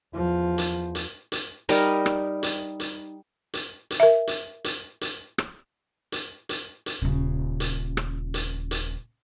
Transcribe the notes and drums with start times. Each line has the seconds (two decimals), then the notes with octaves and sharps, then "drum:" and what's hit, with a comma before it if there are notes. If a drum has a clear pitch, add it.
0.14 E2 F3
0.58 drum: hi-hat
0.95 drum: hi-hat
1.32 drum: hi-hat
1.69 G3 D#4 A#4 D#5, drum: hi-hat
2.06 drum: rim click
2.43 drum: hi-hat
2.80 drum: hi-hat
3.54 drum: hi-hat
3.91 drum: hi-hat
4.00 A#4 E5
4.27 drum: hi-hat
4.64 drum: hi-hat
5.01 drum: hi-hat
5.38 drum: rim click
6.12 drum: hi-hat
6.49 drum: hi-hat
6.86 drum: hi-hat
7.02 D#1 C#3
7.60 drum: hi-hat
7.97 drum: rim click
8.34 drum: hi-hat
8.71 drum: hi-hat